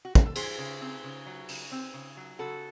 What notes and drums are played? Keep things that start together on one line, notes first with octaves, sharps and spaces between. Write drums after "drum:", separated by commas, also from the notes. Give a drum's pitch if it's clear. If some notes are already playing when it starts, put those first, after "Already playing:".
F#4
G#4, drum: kick
A4
F#3 G#4 C5, drum: cymbal
C#3
C4
C#3
F#3
C#3, drum: open hi-hat
C4
C#3
F#3
C#3 F#4 A4